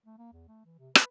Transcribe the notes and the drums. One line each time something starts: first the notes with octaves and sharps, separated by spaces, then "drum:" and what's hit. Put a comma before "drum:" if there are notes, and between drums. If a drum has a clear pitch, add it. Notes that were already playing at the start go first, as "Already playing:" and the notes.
A3
A#3
E2
A3
E3
C3
B4, drum: rim click